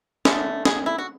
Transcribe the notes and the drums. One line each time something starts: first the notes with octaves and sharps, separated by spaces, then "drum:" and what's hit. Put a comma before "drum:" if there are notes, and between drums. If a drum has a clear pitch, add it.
D3 A3 C#4, drum: snare
G#4, drum: snare
E4
F#4